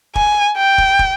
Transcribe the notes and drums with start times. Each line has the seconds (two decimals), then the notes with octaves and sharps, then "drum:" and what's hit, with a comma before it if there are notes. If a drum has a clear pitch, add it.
0.15 G#5, drum: kick
0.57 G5
0.78 drum: kick
0.99 drum: kick